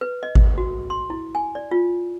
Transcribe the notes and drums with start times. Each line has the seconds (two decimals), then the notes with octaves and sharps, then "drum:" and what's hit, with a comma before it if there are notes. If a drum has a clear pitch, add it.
0.01 B4
0.23 D#5
0.35 drum: kick G#1
0.58 F#4
0.90 C6
1.10 E4
1.35 G#5
1.55 D5
1.71 F4